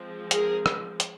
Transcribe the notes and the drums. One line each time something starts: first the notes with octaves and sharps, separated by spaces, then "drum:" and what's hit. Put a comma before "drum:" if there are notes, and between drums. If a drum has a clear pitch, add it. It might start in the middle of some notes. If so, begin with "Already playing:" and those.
Already playing: F3 G#3 C4
G#4 A#4, drum: hi-hat
drum: rim click
drum: hi-hat